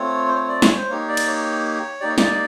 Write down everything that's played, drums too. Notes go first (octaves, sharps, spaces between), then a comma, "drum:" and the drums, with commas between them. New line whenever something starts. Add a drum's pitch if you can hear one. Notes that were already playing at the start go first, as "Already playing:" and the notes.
Already playing: A3 C4 F4 C#5
C5
C#5
D5
C#5, drum: snare
C5
A#3 D#4 G4 C#5
D5
drum: cymbal
C#5
A#3 D#4 G4 D5
C#5
D5, drum: snare